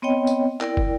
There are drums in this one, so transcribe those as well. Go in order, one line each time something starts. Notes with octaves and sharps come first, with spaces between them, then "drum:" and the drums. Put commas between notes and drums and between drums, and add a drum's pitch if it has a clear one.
B3 C4 C#5 D#5 G5
drum: tambourine
E4 A#4 D5 G5, drum: clap
drum: kick